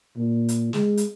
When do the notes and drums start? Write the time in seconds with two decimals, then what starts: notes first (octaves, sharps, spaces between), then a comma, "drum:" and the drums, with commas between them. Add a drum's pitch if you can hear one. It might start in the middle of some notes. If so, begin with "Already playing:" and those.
0.17 A#2
0.49 drum: hi-hat
0.73 G#3, drum: snare
0.97 drum: hi-hat